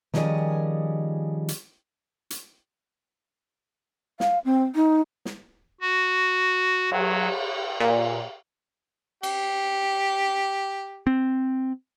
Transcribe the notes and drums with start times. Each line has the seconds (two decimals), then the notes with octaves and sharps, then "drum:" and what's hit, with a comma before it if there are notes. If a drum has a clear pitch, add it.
0.14 D#3 F3 G3 C#4 G#4 D#5, drum: snare
1.48 drum: hi-hat
2.30 drum: hi-hat
4.20 F5, drum: snare
4.45 C4
4.75 D#4
5.25 drum: snare
5.81 F#4
6.92 F#3, drum: cymbal
7.80 A#2
9.23 G4, drum: cymbal
11.07 C4